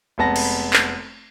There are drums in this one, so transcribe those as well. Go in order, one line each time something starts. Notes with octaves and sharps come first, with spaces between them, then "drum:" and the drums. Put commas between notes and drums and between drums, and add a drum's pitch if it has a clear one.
F1 G#3 B3 A5 A#6
drum: cymbal
drum: clap